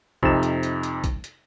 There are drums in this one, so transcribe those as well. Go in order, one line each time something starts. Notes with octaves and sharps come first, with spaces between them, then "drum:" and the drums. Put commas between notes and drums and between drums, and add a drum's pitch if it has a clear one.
F2 C3 D#4 A6 E7, drum: kick
drum: hi-hat
drum: hi-hat
drum: hi-hat
drum: kick, hi-hat
drum: hi-hat